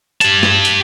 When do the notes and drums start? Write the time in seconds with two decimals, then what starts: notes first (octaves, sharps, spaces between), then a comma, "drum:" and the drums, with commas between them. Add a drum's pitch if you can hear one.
0.21 G4 A5, drum: hi-hat
0.43 drum: snare
0.65 drum: hi-hat